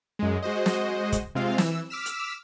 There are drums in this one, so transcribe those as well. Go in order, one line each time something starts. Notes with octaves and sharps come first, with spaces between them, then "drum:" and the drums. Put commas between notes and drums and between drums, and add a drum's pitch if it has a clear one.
F#2 G#3
G#3 F#4 C5 D#5
drum: snare
drum: kick, hi-hat
C3 G#3 C4 F4 F5
E3 E6, drum: snare
D6 E6 F6 B6 E7
drum: hi-hat